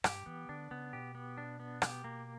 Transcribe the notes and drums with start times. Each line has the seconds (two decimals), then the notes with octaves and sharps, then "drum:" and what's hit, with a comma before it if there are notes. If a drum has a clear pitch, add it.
0.04 G2 G4, drum: rim click
0.26 E3 B3
0.49 D3 D4
0.71 C#3 B3
0.93 B2 G4
1.15 B3
1.38 D4
1.60 B3
1.82 G4, drum: rim click
2.04 A#3